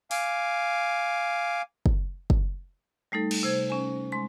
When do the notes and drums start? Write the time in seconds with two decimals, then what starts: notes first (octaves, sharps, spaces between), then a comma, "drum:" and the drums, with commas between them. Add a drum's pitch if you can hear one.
0.11 F5 G#5 D6, drum: open hi-hat
1.86 drum: kick F#1
2.30 drum: kick F#1
3.12 G3 A3 D#4 A4
3.31 drum: cymbal
3.43 C3 C5 G#6
3.70 C#4 G#5
4.12 G#3 C6